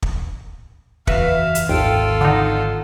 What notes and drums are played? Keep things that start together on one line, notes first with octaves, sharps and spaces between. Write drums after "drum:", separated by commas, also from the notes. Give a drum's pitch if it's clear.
drum: kick
F#1 E2 F#4 B4 E5 F5, drum: kick
drum: hi-hat
G#1 D#2 F4 A4 G5
D3 D#4 F#5